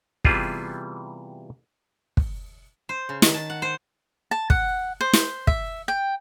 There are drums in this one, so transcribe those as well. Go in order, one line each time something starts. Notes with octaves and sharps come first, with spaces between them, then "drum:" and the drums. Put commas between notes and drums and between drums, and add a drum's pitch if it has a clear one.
C3 E3 G3 B3 F4 G#4, drum: kick
drum: kick
C5
C#3
D#3, drum: snare
A5
F#5
C5
A5
F#5, drum: kick
C5
drum: snare
E5, drum: kick
G5